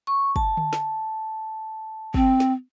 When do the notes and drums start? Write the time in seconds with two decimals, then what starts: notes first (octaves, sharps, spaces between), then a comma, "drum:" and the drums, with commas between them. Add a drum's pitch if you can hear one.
0.07 C#6
0.36 A5, drum: kick
0.57 drum: tom D3
0.73 drum: snare
2.14 C4, drum: kick
2.40 drum: snare